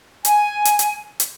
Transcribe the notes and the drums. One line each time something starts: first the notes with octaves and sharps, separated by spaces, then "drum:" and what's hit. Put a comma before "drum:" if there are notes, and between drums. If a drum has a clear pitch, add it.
G#5, drum: hi-hat
drum: hi-hat
drum: hi-hat
drum: hi-hat